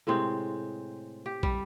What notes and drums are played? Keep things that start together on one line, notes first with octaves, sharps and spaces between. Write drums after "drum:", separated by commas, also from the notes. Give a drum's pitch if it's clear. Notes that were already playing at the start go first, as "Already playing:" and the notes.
A2 C3 G#3 C4
G4
G3, drum: kick